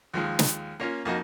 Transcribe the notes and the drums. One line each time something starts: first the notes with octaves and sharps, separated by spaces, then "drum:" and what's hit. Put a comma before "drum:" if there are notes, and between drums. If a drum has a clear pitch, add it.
D#2 F3 G#3
drum: snare
A#3 C#4 F4
F2 A#3 D#4 F#4